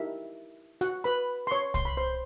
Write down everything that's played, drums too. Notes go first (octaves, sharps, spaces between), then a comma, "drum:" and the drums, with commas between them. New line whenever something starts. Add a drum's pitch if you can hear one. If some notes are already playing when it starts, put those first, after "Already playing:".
Already playing: D#4 E4 G4 A#4 E5
F#4 F#5, drum: hi-hat
B4 B5
C6
C#5 C#6
C6, drum: kick C2, hi-hat
B5
C5 C6